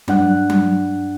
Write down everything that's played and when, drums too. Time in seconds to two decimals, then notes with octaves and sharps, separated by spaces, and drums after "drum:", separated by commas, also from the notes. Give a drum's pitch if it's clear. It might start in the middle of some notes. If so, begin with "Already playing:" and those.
0.08 G2 D4 F#5 F#6, drum: tom F#3
0.50 drum: tom F#3